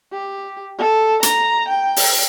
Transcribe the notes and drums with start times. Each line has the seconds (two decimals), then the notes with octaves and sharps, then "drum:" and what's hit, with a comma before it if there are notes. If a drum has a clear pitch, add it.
0.12 G4
0.78 A4
1.23 A#5, drum: hi-hat
1.68 G5
1.96 drum: open hi-hat